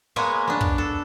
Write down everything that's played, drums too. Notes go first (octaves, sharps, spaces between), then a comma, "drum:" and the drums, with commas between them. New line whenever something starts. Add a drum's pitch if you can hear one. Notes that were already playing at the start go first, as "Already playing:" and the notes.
G#3 A#3 B3 C#5 G#5
B3 D4
drum: kick
A4